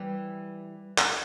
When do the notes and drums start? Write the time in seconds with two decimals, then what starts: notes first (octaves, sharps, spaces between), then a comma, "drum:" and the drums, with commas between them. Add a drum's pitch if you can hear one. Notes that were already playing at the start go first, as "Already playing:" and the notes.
Already playing: E3 G3
0.98 drum: clap